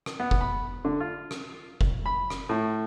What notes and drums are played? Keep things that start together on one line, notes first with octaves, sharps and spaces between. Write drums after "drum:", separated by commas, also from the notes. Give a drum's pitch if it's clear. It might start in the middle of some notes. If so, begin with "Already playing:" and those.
drum: rim click
B3
drum: kick F1
B5
D3
F4
drum: rim click
drum: kick F1
B5
drum: rim click
A2